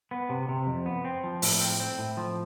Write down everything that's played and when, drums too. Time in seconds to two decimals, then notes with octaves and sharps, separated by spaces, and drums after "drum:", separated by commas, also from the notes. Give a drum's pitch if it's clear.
0.11 B3
0.29 C3
0.49 C3
0.67 F2
0.86 B3
1.05 C4
1.24 F3
1.42 A2, drum: open hi-hat
1.61 C4
1.80 C4
1.99 A2
2.17 F3